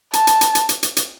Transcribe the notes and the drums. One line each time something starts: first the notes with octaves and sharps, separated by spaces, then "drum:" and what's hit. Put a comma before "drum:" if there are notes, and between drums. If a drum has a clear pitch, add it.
A5, drum: hi-hat
drum: hi-hat
drum: hi-hat
drum: hi-hat
drum: hi-hat
drum: hi-hat
drum: hi-hat